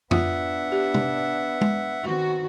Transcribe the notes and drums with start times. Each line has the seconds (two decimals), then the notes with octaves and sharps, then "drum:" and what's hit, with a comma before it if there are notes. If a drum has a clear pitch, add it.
0.11 B3 D4 F4 E5 F#5, drum: tom F2
0.72 G4
0.94 drum: tom
1.61 drum: tom G#3
2.04 D#3 B3 C4 F#4